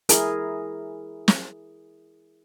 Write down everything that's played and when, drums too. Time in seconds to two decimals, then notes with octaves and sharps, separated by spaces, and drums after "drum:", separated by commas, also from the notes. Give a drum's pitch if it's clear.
0.09 E4 G#4 A#4, drum: hi-hat
1.28 drum: snare